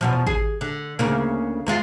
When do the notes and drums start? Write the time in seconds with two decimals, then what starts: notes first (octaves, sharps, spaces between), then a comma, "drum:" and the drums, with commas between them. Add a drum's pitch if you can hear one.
0.01 E2 B2 F3
0.27 G#4, drum: kick G#1
0.61 D3
0.99 D2 C#3 A#3
1.66 E2 G#3 F4